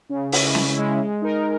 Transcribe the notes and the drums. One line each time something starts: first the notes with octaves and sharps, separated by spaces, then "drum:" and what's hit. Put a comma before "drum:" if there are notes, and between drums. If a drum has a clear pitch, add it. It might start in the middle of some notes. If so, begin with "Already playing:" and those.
C#3
G#3 C#4 E4, drum: open hi-hat
C#3, drum: snare
G#3 C#4 E4
G#3
D#4 A#4